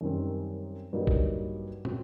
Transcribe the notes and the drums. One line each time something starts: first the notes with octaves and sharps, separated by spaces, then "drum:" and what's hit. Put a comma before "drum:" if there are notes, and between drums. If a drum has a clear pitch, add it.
F#2 D#3 G3 C4
G2 F#3 A#3 D#4 G4
drum: kick G#1
F#3 C4, drum: tom